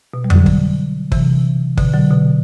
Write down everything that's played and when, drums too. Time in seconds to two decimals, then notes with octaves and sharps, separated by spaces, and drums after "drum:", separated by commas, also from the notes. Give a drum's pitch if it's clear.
0.14 B2
0.24 G3
0.30 D3 F#3, drum: tom F2
0.46 drum: kick
1.12 C3 E3, drum: kick
1.78 B2 D3, drum: kick
1.94 D3 F#3
2.11 B2 D3